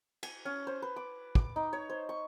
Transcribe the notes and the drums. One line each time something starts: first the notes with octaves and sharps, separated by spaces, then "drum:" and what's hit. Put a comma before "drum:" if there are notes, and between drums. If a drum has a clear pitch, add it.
G#5, drum: cymbal
C#4
C5
B4
D6
D6, drum: kick
D#4
C#5
C5
C#6